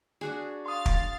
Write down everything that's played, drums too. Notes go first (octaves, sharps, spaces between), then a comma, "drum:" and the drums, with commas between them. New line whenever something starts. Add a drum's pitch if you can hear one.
D4 F#4 G#4
F5 C6 D#6 A6
drum: kick